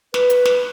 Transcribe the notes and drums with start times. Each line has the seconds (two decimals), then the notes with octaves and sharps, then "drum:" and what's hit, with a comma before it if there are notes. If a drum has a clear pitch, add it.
0.14 B4, drum: snare
0.30 drum: hi-hat
0.45 drum: snare